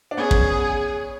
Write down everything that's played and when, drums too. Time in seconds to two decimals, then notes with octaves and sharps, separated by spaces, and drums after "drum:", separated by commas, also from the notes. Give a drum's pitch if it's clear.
0.11 D4
0.17 B3 C#4 G#4
0.31 drum: kick